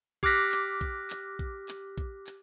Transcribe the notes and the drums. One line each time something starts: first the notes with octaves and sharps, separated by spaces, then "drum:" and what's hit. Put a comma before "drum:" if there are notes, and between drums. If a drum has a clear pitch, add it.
G4 D6 F6 F#6 A#6 B6, drum: kick
drum: clap
drum: kick
drum: clap
drum: kick
drum: clap
drum: kick
drum: clap